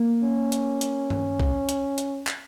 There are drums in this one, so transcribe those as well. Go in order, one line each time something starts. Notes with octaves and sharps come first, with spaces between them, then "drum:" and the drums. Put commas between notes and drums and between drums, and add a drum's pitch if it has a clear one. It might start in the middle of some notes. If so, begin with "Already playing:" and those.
Already playing: A#3
C#4
drum: hi-hat
drum: hi-hat
drum: tom
drum: kick
drum: hi-hat
drum: hi-hat
drum: clap